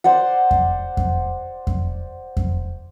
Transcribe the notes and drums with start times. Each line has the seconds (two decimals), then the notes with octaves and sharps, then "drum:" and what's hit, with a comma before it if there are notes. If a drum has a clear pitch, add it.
0.04 C5 D5 F#5
0.51 drum: kick F2
0.97 drum: kick F2
1.67 drum: kick F2
2.37 drum: kick F2